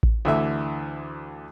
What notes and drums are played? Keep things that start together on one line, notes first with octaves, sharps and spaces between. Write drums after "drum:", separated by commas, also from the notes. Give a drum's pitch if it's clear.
drum: kick A1
D2 D3 E3 E5